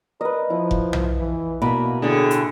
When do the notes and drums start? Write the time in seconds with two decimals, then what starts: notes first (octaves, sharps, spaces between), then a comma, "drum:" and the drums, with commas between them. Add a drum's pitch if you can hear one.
0.21 A#4 B4 D#5
0.50 F3 E4
0.71 drum: kick F1
0.93 drum: tom B1
1.19 E3
1.62 B2 A#3 E5 A#5 B5
2.02 A2 D3 G#4
2.31 drum: hi-hat